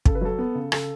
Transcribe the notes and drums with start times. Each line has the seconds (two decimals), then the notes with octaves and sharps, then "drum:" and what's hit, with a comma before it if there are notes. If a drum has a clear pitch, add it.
0.06 C#3 A4, drum: kick
0.15 B4
0.21 F#3 A4
0.38 B3
0.55 C#3
0.72 C#3 A4, drum: rim click